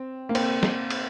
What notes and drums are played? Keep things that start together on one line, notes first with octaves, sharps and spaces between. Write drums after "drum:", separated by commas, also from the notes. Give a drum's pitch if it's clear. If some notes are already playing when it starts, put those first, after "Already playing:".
Already playing: C4
A#3
C4, drum: cymbal
drum: snare
drum: cymbal